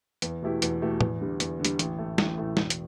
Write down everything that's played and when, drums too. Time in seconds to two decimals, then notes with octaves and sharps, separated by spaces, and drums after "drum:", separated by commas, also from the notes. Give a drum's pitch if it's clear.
0.22 E2, drum: hi-hat
0.42 B2 A3 E4 G4
0.62 E2, drum: hi-hat
0.82 B2 A3 E4 G4
1.01 E2, drum: tom
1.20 D3 G3
1.40 E2, drum: hi-hat
1.59 D3
1.65 G3, drum: hi-hat
1.79 A1, drum: hi-hat
1.98 A2 A3
2.18 A1, drum: snare
2.38 A2 A3
2.57 E1, drum: snare
2.70 drum: hi-hat